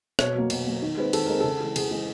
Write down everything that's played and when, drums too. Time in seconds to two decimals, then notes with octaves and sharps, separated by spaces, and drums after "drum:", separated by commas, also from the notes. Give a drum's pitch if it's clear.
0.19 B2 C#5, drum: rim click
0.35 F#3 A#3
0.50 B2, drum: cymbal
0.67 F#3 A#3
0.82 D#3
0.97 G#3 C4 B4
1.13 D#3 A4, drum: cymbal
1.26 G#3 C4 A#4
1.40 C#3 A4
1.60 E3 G#3
1.76 C#3 G#4, drum: cymbal
1.91 E3 G#3